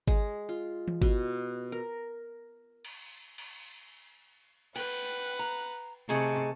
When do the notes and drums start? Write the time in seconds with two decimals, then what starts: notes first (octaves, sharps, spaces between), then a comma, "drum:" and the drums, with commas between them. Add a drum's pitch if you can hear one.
0.08 G#3, drum: kick G#1
0.49 F4
0.88 drum: tom E3
1.02 B2, drum: kick G#1
1.72 A#4
2.85 drum: cymbal
3.38 drum: cymbal
4.76 B4 F#5 G5 F#6, drum: cymbal
5.39 A#5
6.09 C3 D#3 A3 G#4 A5 C#6